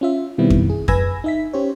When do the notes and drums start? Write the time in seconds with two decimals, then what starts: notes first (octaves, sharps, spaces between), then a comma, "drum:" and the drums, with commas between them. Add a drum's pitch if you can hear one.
0.01 C#4 F4 E5
0.38 B2 D#3 G3 B3 C4 E4
0.51 drum: kick F2
0.70 G#4
0.88 B4 G#5 B5 E6 G#6 A#6, drum: kick F2
1.24 D#4 E5 B6
1.53 C#4 G4 C5 C#5